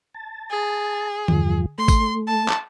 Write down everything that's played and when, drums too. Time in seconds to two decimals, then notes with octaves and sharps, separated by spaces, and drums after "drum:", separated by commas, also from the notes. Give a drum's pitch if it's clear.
0.14 A5
0.50 G#4
1.28 E2 G2 F3, drum: tom D3
1.78 A3 C6
1.88 drum: kick, tambourine
2.27 A5
2.48 drum: clap